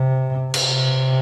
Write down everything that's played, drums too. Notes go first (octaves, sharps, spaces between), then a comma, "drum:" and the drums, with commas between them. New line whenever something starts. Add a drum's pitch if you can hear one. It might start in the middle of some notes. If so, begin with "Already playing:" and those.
Already playing: C3
C3, drum: cymbal